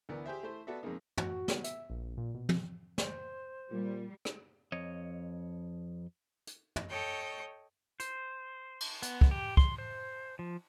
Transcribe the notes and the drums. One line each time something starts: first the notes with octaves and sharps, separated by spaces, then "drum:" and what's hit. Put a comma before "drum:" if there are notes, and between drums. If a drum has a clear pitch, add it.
D2 E3 B3 A#4 D5
G4 G#4 C5 E5
A3 E4 C5
B3 F#4 A4 D5 E5
F2 C#3 G#3 A#3 D#4
F#4, drum: tom
B3, drum: snare
E5, drum: hi-hat
A#1
A#2
B2
drum: tom
C5, drum: snare
A#2 G3
drum: rim click
F2 C#5 D#5
drum: hi-hat
drum: tom
A4 C#5 D#5 G5 G6
C5, drum: hi-hat
drum: cymbal
B3, drum: hi-hat
drum: kick
G4
C6, drum: kick
C5
F3